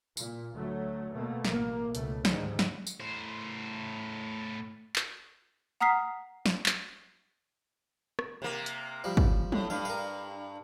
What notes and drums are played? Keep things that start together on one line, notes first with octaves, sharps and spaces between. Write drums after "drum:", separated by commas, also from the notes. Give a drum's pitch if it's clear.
A#2, drum: tambourine
D2 F#3 A3
B2 A3 A#3
A1 A#3, drum: snare
C#2 B2 A3, drum: hi-hat
D2 G#2 D#3 G3, drum: snare
drum: snare
drum: tambourine
A2 C5
drum: clap
F#5 A#5 D#6 F6 B6 C7
drum: snare
drum: clap
drum: rim click
C3 A#3
drum: hi-hat
F3 G3
drum: kick
A2, drum: tom F#3
G2 F5
A#4 F5